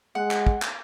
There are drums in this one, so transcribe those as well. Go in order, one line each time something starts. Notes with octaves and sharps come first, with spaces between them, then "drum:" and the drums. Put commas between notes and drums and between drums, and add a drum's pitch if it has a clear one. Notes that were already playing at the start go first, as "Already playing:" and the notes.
G#3 F#5
drum: clap
drum: kick
drum: clap